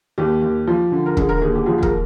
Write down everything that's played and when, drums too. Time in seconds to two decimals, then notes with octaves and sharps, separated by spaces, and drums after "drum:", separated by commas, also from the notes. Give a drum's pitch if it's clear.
0.18 D#2 G4
0.42 D#2
0.67 F3
0.92 D3
1.06 A#4
1.17 D3 G#4, drum: kick
1.29 A#4
1.41 D#2 G#4
1.55 G4
1.66 F3 G#4
1.78 G#4
1.82 A#4, drum: kick